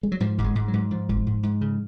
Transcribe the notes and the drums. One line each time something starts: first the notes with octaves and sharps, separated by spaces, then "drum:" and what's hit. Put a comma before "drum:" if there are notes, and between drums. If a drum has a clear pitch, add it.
G#3
F#3
G#2 F3
G#2, drum: kick F1
G#3
G#2
F#3
G#2
G#2 F3
G#2, drum: kick F1
G#2
G#2
C#3